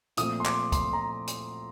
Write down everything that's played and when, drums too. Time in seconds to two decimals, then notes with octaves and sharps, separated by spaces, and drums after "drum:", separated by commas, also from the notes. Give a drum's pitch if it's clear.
0.17 A#2 F3 A3 C4 D#6, drum: hi-hat
0.40 C6
0.45 D6, drum: clap
0.72 C6, drum: kick D2, hi-hat
0.93 A#5
1.27 drum: hi-hat